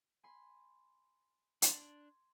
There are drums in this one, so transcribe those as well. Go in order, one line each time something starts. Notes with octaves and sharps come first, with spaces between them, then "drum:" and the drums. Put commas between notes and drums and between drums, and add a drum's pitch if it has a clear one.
G#5 B5 C6
D4 C6 G#6 A6, drum: hi-hat